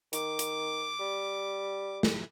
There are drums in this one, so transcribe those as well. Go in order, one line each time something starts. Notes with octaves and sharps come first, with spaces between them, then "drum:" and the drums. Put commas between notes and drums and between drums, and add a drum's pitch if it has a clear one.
D#3 D6, drum: hi-hat
drum: hi-hat
G3
drum: snare